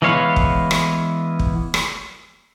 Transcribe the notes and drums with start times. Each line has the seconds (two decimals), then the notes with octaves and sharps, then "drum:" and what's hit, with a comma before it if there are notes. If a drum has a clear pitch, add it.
0.02 E3 G#3 B3 C#5 F5
0.36 drum: kick
0.71 drum: rim click
1.39 drum: kick
1.74 drum: rim click